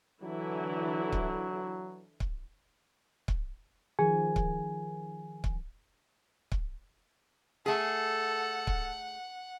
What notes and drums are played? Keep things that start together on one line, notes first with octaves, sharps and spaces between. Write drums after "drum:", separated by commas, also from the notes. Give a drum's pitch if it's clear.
D3 E3 F#3 E4
drum: kick C#1
drum: kick C#1
drum: kick C#1
D#3 F3 G#4 G#5
drum: kick C#1
drum: kick C#1
drum: kick C#1
A3 G#4 A4 F#5
drum: kick C#1